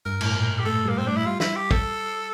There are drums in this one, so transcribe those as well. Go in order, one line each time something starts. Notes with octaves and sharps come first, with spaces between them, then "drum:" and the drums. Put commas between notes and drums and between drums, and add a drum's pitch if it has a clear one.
G2 A#4
A2, drum: cymbal
A#2
G4
A3 A4
G3 A#3
C4
A3 D4
E4
G3 F4
E4, drum: snare
G4
A4, drum: kick